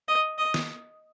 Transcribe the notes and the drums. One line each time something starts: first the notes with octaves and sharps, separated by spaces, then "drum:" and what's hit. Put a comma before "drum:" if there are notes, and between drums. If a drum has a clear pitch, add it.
D#5
D#5
drum: snare